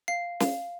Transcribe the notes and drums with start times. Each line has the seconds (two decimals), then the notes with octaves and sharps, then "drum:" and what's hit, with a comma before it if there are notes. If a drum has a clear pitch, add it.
0.08 F5 C7
0.40 F5, drum: snare